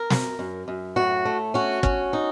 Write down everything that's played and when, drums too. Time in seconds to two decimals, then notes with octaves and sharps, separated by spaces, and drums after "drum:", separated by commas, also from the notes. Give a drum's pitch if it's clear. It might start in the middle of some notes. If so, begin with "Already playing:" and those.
Already playing: A#4
0.10 F#2, drum: snare
0.39 F#2
0.68 F#2
0.96 A2 F#4
1.25 A3
1.54 C#4 F#4
1.83 C#4, drum: kick
2.13 D#4